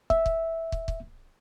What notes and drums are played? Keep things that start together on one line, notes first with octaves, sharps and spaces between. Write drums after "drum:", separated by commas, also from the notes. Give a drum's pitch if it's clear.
E5, drum: kick
drum: kick
drum: kick
drum: kick